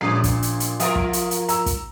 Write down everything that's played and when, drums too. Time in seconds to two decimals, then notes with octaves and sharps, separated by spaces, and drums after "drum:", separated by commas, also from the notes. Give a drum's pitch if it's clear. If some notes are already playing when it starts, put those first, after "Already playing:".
0.01 A#1 A#2 G3 C#4 C7
0.24 A#2, drum: kick, hi-hat
0.43 drum: hi-hat
0.60 drum: hi-hat
0.80 F3 F4 A#4 E5 D#6, drum: hi-hat
0.96 drum: kick
1.13 drum: hi-hat
1.31 drum: hi-hat
1.49 A#5 E6, drum: hi-hat
1.66 drum: kick, hi-hat